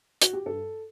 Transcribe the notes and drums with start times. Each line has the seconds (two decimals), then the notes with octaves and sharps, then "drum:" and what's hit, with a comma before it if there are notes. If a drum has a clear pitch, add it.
0.22 F#4, drum: hi-hat
0.33 G4
0.46 G2 A4